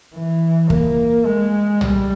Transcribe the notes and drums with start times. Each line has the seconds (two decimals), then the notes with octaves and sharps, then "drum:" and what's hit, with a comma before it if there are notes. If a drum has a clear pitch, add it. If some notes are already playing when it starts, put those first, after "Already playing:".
0.15 E3
0.70 A#3, drum: kick
1.26 G#3
1.81 G3, drum: tom